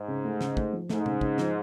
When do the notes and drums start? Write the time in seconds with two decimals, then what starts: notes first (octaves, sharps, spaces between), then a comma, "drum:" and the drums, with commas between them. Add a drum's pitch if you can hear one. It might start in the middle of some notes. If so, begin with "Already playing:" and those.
Already playing: G#2
0.08 C#3
0.24 A3
0.41 C#3, drum: snare
0.57 A3, drum: kick
0.73 F3
0.89 G#2 A3, drum: snare
1.06 C#3, drum: tom A#2
1.21 C#3, drum: kick
1.38 F3, drum: snare